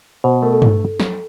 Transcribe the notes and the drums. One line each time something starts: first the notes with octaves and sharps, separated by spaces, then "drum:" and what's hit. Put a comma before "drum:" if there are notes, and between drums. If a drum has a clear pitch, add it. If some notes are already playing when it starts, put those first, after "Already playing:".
B2 C5
A3 A#4
A4
drum: tom G2
drum: snare